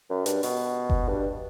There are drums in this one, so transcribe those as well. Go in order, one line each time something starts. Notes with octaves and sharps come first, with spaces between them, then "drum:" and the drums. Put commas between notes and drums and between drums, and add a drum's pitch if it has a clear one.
F#2
G2, drum: hi-hat
B2, drum: open hi-hat
drum: kick F#1
G2